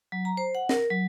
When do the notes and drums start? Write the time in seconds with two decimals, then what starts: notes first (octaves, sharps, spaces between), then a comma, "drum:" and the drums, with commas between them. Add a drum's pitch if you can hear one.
0.12 F#3
0.25 A#5
0.37 C5
0.55 F#5
0.69 A#4, drum: snare C4
0.90 F#3